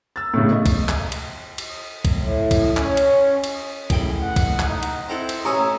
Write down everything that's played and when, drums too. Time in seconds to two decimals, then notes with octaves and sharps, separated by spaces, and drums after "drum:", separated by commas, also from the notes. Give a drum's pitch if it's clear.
0.16 E6 A6
0.34 A2 C#3
0.52 D#5
0.66 drum: kick, cymbal
0.89 drum: clap
1.12 drum: cymbal
1.58 drum: cymbal
2.05 drum: kick, cymbal
2.18 A2
2.51 drum: kick, cymbal
2.77 C#4, drum: clap
2.97 drum: cymbal
3.44 drum: cymbal
3.90 A1 G#4 G5 B5, drum: kick, cymbal
4.21 F#5
4.36 drum: kick, cymbal
4.59 drum: clap
4.69 D#4
4.83 drum: cymbal
5.09 C4 E4 A4 A#5
5.29 drum: cymbal
5.45 A1 C#5 G#5 A#5 C#6 D#6 E6